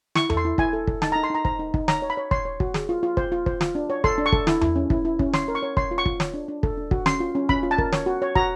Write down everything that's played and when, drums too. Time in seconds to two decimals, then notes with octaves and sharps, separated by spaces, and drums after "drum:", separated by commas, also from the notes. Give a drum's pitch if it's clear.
0.15 E4 C#6, drum: snare
0.30 A4, drum: tom E2
0.37 C6
0.45 E4
0.58 E4 G#5, drum: kick
0.73 A4
0.87 A4, drum: kick
1.02 D#4 A5, drum: snare
1.12 D#4 A#5
1.24 C6
1.30 D#4 A#5
1.45 C5 A#5, drum: kick
1.59 D#4
1.74 D#4, drum: kick
1.88 C#5 A#5, drum: snare
2.02 C#5
2.10 B5
2.17 C#5
2.31 C#5 C6, drum: kick
2.45 C#5
2.60 F#4, drum: kick
2.74 G#4, drum: snare
2.89 F4
3.03 F4
3.17 C5, drum: kick
3.32 F4
3.46 C5, drum: kick
3.61 F4, drum: snare
3.75 D4
3.90 C#5
4.04 A4 C6, drum: kick
4.18 D4
4.26 C#6
4.32 A4, drum: kick
4.47 E4, drum: snare
4.61 E4, drum: tom E2
4.76 C#4
4.90 E4, drum: kick
5.05 E4
5.19 C#4, drum: kick
5.34 C#5 C6, drum: snare
5.48 A#4
5.55 C#6
5.63 C#5
5.77 C#5 C6, drum: kick
5.91 F4
5.98 C#6
6.06 F4, drum: kick
6.20 C#5, drum: snare
6.34 D4
6.48 D4
6.63 A4, drum: kick
6.77 D4
6.91 F#4, drum: kick
7.06 C#4 C6, drum: snare
7.20 F4
7.35 C#4
7.49 C#4 B5, drum: kick
7.63 F4
7.71 A5
7.78 A#4, drum: kick
7.93 C#5, drum: snare
8.06 F#4
8.22 C#5
8.35 F#4 A#5, drum: kick